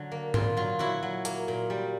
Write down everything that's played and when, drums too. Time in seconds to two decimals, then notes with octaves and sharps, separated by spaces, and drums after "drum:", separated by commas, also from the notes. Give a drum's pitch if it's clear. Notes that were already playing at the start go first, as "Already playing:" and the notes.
Already playing: D3 F#3
0.12 A#3
0.34 A#2 F4, drum: tom G#2
0.57 F#3 F4
0.79 F#3 E4 F#4
1.03 F#3
1.25 A#3, drum: hi-hat
1.48 A#2
1.70 G3